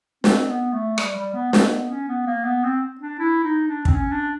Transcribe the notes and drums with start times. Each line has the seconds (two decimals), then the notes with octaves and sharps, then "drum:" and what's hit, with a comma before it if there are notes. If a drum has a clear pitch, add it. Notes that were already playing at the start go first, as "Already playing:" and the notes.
0.24 C4, drum: snare
0.49 B3
0.73 A3
0.98 G3, drum: rim click
1.16 G3
1.34 B3
1.53 C4, drum: snare
1.65 A#3
1.71 B3
1.89 C#4
2.09 B3
2.26 A#3
2.45 B3
2.64 C4
3.01 D4
3.19 E4
3.44 D#4
3.68 D4
3.85 C4, drum: kick
3.93 C#4
4.12 D4